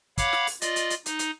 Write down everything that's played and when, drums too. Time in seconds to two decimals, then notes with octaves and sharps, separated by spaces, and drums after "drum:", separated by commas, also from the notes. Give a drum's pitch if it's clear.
0.18 C#5 F5 F#5 B5 D6, drum: kick, hi-hat
0.33 drum: snare
0.47 drum: open hi-hat
0.62 F4 D5 D#5, drum: hi-hat
0.76 drum: hi-hat
0.90 drum: hi-hat
1.06 D#4, drum: hi-hat
1.19 drum: hi-hat